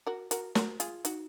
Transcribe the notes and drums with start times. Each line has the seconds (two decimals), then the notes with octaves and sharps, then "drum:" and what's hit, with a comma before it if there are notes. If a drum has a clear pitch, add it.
0.07 F#4 A#4
0.31 F#4 A#4, drum: hi-hat
0.55 F#4 A#4, drum: snare
0.80 F4 G#4, drum: hi-hat
1.05 D#4 F#4, drum: hi-hat